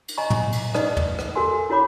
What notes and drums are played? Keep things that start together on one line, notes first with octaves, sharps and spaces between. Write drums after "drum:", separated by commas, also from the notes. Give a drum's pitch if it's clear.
drum: cymbal
D#5 G#5 A#5 C#6
drum: tom
drum: cymbal
D#4 B4 D5 D#5 D#6, drum: rim click
drum: tom E2
drum: rim click
F#4 A4 A#4 G#5 C6
E4 F#4 C#5 B5 D6